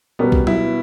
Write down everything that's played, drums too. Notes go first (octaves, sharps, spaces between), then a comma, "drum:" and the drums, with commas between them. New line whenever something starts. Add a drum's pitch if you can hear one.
B2 G3 B3 C#4 G4 A#4
drum: kick B1
E4, drum: tom F#3